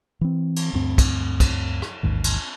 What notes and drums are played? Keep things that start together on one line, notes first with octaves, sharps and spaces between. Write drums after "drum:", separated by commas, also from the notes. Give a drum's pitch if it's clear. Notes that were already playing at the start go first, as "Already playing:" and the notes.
E3 C4
drum: cymbal
D2 G2 C4
drum: kick, cymbal
drum: kick, cymbal
drum: rim click
A1 D#2 G#2 D#3
drum: cymbal